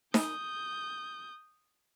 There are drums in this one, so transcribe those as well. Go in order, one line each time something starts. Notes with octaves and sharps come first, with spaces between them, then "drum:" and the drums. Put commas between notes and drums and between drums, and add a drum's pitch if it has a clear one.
D#6 G6, drum: snare D#4